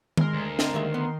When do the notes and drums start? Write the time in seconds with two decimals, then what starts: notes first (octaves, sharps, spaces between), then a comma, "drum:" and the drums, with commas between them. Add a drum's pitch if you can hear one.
0.17 G#3 A#4 C6, drum: tom D#3
0.33 D2
0.59 C4 D#5, drum: snare
0.74 D#2 D#3 G#3 E5
0.94 B3